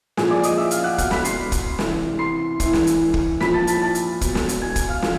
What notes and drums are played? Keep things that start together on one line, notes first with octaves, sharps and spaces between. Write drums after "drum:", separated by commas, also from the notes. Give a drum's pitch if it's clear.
A#2 F3 G#4 G#5, drum: snare
D5 D6
D#5 D#6, drum: hi-hat
E5 E6
F5 F6, drum: hi-hat
F#5 F#6
B2 F#5 F#6, drum: kick, hi-hat
B5 B6, drum: snare
C6 C7, drum: hi-hat
drum: kick, hi-hat
C3 E3, drum: snare
C6 C7
A2 E3, drum: kick, hi-hat
drum: snare
drum: hi-hat
drum: kick
A#2 F3 B5 B6, drum: snare
A5 A6
A5 A6, drum: hi-hat
A5 A6
drum: hi-hat
B2, drum: kick, hi-hat
drum: snare
drum: hi-hat
G#5 G#6
drum: kick, hi-hat
F5 F6
F3, drum: snare